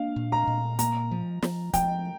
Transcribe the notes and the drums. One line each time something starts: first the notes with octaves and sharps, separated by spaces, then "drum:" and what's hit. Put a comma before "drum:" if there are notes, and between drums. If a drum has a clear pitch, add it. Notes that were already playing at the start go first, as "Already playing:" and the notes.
Already playing: A#3 D4 F5
A#2
A#5
A#2
A#3 A#5, drum: hi-hat
F3
F3, drum: snare
F3 G5, drum: kick, hi-hat